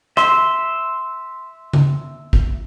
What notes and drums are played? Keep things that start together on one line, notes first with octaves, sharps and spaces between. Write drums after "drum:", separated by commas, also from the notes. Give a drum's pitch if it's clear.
E5 C6, drum: rim click
drum: tom C#3
drum: kick